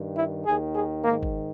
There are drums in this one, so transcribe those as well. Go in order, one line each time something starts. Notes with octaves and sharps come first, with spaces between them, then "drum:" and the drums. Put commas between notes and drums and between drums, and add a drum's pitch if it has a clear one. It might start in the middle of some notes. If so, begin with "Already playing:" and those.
Already playing: G2 D#3
E4
D#2 D#3 G#4
G#4
G#2 D#3 A#3
drum: kick G1